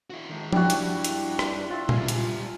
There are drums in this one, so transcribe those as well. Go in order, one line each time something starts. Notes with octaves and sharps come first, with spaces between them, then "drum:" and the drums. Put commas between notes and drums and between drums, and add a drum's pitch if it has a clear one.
E4 F#4
D#3 G#3
G2 G3 D4 E4 F#4, drum: tom F3
drum: hi-hat
drum: hi-hat
drum: rim click
F4 E5
G3 F4 G#5, drum: tom A#2
drum: hi-hat